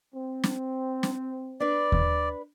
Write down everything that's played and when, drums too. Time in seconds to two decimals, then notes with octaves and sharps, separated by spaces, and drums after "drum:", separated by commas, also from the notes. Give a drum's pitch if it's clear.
0.14 C4
0.44 drum: snare
1.03 drum: snare
1.60 D4 B4 D5
1.92 drum: kick D#2